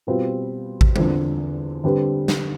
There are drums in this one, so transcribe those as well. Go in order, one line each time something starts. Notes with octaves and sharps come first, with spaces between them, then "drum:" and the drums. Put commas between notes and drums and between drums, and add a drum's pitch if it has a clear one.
B2 G3 C4 F4 B4
drum: kick A1
E2 D3 F3 C4, drum: tom G3
D3 G3 C4 G4 B4
drum: snare